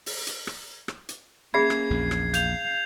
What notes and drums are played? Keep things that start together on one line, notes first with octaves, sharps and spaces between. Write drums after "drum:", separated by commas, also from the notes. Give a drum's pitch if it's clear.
drum: open hi-hat
drum: hi-hat
drum: rim click
drum: rim click
drum: hi-hat
A#3 C#4 G#4 E5 B5 G#6 C7
drum: rim click
A#1 E2
drum: rim click
F5 G6 F7, drum: hi-hat